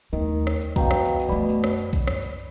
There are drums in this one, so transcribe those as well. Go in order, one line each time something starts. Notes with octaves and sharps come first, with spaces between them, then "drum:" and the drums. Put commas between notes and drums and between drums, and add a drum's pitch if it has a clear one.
D#2 D#3 A3
drum: rim click
drum: tambourine
C2 F2 B2 F5 G5 A#5, drum: kick B1, tambourine
drum: rim click
drum: tambourine
drum: tambourine
F#2 A3 D5 B5
drum: tambourine
drum: rim click
drum: tambourine
drum: kick B1, tambourine
drum: rim click
drum: tambourine